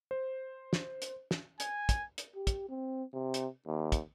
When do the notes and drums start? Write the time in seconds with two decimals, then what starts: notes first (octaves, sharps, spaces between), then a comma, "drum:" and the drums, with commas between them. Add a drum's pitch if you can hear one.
0.11 C5
0.73 drum: snare
1.02 drum: hi-hat
1.31 drum: snare
1.60 G#5, drum: hi-hat
1.89 drum: kick, hi-hat
2.18 drum: hi-hat
2.35 G4
2.47 drum: kick, hi-hat
2.69 C4
3.13 C3
3.34 drum: hi-hat
3.67 D#2
3.92 drum: kick, hi-hat